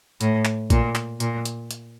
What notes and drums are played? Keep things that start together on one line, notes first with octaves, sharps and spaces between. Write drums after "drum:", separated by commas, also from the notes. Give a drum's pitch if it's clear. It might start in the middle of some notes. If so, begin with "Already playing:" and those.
A2, drum: hi-hat
drum: clap
A#2, drum: kick, hi-hat
drum: clap
A#2, drum: hi-hat
drum: hi-hat
drum: hi-hat